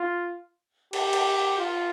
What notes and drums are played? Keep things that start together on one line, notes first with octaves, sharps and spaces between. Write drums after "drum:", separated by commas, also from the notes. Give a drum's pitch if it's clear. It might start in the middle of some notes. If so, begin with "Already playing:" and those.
Already playing: F4
G4, drum: cymbal
drum: cymbal
F4